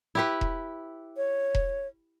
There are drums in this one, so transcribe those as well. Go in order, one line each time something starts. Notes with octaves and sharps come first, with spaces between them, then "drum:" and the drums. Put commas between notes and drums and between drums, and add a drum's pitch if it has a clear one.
E4 G4 B4
drum: kick E1
C#5
drum: kick E1